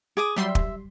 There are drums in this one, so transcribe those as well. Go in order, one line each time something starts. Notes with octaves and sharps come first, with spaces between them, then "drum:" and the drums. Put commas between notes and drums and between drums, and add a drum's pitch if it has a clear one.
G#4 D6 D#6
F#3 G3 E5 C6
drum: kick